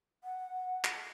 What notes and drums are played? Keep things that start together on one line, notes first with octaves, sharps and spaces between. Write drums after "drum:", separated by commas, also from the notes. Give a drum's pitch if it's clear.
F#5
drum: clap